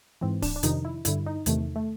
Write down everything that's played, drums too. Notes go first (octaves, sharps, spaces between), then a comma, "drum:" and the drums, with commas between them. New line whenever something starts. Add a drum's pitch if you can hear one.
G#2 E3 C4
D4, drum: kick D1, open hi-hat
D4
F2 C3 D#3 D#4, drum: hi-hat
E4
G2 D3 E4, drum: hi-hat
D#4
E2 C3 D#3 A3, drum: hi-hat
A3